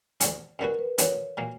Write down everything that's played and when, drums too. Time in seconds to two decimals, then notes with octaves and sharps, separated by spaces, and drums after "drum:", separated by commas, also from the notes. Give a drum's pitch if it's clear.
0.20 D2 D3 F#3 C#4, drum: hi-hat
0.59 F#2 D3 F#3 B3 F#4 A#4
0.79 B4
0.98 F#2 D3 F#3 B3 F#4 C#5, drum: hi-hat
1.37 A#2 F#3 A#3